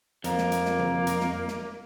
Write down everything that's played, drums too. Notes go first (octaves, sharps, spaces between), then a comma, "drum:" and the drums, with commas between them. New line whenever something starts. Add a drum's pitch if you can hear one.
F2 A#3, drum: hi-hat
drum: snare
drum: hi-hat
drum: snare
drum: tom
drum: hi-hat
drum: snare
drum: snare